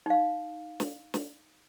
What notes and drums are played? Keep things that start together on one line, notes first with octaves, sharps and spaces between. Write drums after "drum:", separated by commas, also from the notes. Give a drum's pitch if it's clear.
D#4 F5
drum: snare
drum: snare